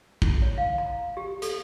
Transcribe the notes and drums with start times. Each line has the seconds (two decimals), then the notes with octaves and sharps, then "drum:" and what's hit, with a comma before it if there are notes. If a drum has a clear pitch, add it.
0.22 E4, drum: kick
0.42 C#5
0.58 F5
0.78 A#5
1.17 G4
1.42 A4, drum: hi-hat